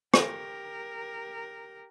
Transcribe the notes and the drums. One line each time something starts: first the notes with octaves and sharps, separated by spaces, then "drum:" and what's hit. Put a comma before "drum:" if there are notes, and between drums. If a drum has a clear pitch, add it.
G4 A#4, drum: rim click